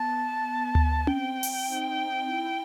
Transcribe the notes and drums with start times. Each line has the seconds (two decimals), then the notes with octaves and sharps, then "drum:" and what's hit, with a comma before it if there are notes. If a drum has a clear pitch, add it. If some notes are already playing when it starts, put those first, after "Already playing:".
Already playing: B3 A5
0.47 B3
0.75 drum: tom D2
1.07 C4 G5, drum: tom C#4
1.43 drum: open hi-hat
1.67 D#4
2.26 E4